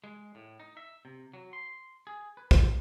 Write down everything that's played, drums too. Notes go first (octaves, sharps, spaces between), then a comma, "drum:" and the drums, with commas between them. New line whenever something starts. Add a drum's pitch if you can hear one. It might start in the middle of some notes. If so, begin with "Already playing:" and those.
G#3
A2
D#4
E5
C3
F#3
C6
G#4
B4
C5, drum: kick